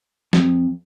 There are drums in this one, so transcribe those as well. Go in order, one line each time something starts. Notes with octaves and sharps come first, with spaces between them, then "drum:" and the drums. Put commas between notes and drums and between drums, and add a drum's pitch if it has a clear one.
F2, drum: snare